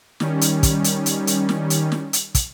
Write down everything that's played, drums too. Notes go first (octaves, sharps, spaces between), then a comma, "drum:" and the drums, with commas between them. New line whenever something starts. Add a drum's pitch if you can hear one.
D#3 G3 C#4, drum: snare
drum: hi-hat
drum: kick, hi-hat
drum: hi-hat
drum: hi-hat
drum: hi-hat
drum: snare
drum: hi-hat
drum: snare
drum: hi-hat
drum: kick, hi-hat